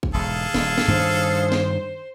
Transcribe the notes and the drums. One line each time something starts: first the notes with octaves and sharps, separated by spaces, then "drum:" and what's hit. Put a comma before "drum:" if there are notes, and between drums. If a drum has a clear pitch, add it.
drum: kick A1
E1 G#2 G#4 A4 F5
D#1, drum: snare
drum: snare
G2 D#3 D4 C5
drum: snare